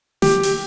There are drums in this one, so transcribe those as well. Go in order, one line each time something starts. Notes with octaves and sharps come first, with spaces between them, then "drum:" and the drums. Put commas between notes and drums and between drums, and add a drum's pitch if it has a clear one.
G4, drum: snare
drum: open hi-hat